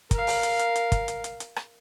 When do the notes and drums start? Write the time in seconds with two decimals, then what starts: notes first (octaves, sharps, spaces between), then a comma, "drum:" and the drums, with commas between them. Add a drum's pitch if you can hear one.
0.11 A#4 F5, drum: kick, hi-hat
0.27 drum: open hi-hat
0.43 drum: hi-hat
0.59 drum: hi-hat
0.76 drum: hi-hat
0.92 drum: kick, hi-hat
1.08 drum: hi-hat
1.24 drum: hi-hat
1.40 drum: hi-hat
1.56 drum: rim click